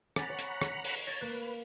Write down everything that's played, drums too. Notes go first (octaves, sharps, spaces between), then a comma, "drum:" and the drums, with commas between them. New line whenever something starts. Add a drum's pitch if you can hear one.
F#5 G#5 A#5 B5 D6 A6, drum: rim click
C#5
drum: hi-hat
drum: rim click
drum: open hi-hat
C#5 A#5 A6
A#3 B4